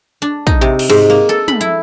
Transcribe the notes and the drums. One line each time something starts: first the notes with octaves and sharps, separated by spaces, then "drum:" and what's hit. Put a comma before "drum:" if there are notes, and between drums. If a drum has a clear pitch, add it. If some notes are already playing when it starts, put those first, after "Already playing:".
D4
D#4, drum: kick
C3
drum: cymbal
G#2
A#3
A4
B5, drum: tom
E4